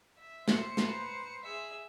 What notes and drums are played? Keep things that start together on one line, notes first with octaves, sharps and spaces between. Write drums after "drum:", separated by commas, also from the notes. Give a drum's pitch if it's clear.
E5
C5 C#7, drum: snare
B4 A#5, drum: snare
G#4 E5